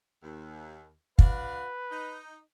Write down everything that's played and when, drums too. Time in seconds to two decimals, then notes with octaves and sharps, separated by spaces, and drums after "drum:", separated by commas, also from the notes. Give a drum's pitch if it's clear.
0.23 D#2
1.19 D4 F#4 B4 F5, drum: kick
1.91 D#4